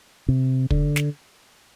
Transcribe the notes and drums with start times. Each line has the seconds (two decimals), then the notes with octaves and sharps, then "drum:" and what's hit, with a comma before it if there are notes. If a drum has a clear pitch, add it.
0.28 C3
0.70 D3, drum: kick
0.96 drum: snare